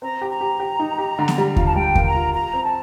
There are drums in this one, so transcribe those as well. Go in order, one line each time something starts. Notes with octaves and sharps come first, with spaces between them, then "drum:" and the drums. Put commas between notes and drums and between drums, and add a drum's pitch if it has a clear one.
C4 A#5
G4
A#5
G4
G4
D#4
G4
D3
drum: snare B3
G3
F4, drum: kick D#2
A5
G3 G5
A#3, drum: kick D#2
A#5
F4
F4 A#5
C4
A5